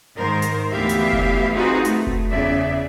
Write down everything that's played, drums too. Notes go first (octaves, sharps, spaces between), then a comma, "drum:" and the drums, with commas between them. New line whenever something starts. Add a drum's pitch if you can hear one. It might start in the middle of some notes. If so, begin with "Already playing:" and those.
G#2 D#3 A#4 C5
drum: hi-hat
D2 E3 B3 G4 E5 F5
drum: hi-hat
drum: kick F1
C4 D#4 F4 F#4 G#4 B4
A3, drum: hi-hat
drum: kick F1
E2 C#3 D5 E5